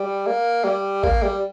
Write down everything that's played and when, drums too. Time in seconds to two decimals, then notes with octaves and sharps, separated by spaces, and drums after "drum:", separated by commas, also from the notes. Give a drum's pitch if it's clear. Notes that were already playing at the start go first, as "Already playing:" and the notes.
Already playing: G3
0.27 A#3
0.64 G3
1.03 A#3, drum: kick A1
1.23 G3